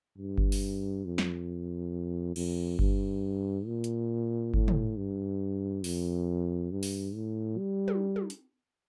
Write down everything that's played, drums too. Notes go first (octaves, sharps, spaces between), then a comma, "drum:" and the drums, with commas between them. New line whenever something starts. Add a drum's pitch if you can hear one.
G2
drum: kick G1
drum: open hi-hat
F2
drum: snare
F2, drum: cymbal
G2, drum: kick G1
A#2
drum: hi-hat
A2, drum: kick G1
drum: tom
G2
F2, drum: open hi-hat
G2
drum: open hi-hat
A2
G3
drum: tom
drum: tom
drum: hi-hat